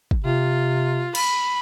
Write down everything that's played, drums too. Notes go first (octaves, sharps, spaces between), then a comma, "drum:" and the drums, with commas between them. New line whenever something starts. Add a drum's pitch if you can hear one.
drum: kick
C3 F4
B5, drum: cymbal